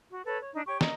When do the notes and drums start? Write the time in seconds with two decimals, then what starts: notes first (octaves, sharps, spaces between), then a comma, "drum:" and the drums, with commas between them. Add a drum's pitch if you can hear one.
0.11 F#4
0.25 A4 B4 C#5
0.40 C#5
0.54 D4 D#4
0.67 G4 C#5 C#6
0.81 D#5 A#5, drum: snare